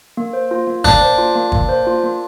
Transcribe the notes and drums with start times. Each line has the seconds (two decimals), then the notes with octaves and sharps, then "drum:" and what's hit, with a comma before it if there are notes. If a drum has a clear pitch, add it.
0.17 A#3
0.33 C5
0.51 F4
0.67 A#3
0.84 A#3 D4, drum: kick
1.01 C5
1.18 F4
1.35 A#3
1.52 A#3, drum: kick
1.69 C5
1.87 F4
2.04 A#3